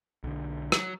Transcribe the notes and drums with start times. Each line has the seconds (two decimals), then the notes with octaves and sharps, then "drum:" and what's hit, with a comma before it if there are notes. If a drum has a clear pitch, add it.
0.24 B1 D3
0.72 F#3, drum: rim click